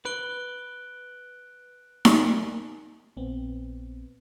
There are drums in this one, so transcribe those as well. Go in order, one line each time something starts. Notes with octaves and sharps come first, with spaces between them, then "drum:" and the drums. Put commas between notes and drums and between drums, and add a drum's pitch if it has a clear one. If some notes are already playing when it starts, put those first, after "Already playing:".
B4 F#6 D7 G7
drum: snare D#4
A#1 B3 C4